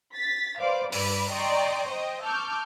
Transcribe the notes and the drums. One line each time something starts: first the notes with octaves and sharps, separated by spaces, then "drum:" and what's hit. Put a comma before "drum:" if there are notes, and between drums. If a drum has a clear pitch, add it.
A6 B6
B4 C5 D5 F5 D6
G2 B4 D5 B5 D6, drum: open hi-hat
D5 D#5 G5 A#5 C6 C#6
C5 D#5 G5
A5 C#6 D6 E6 F6 G6